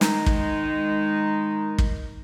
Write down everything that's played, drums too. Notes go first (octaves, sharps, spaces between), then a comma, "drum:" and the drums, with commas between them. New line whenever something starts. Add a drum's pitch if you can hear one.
D#3 G#3 D#4, drum: snare
drum: kick
drum: kick